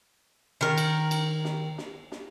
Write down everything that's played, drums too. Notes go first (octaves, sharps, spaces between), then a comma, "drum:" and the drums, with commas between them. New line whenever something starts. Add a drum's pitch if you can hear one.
D#3 A#4
drum: cymbal
drum: cymbal
drum: snare
drum: snare
drum: snare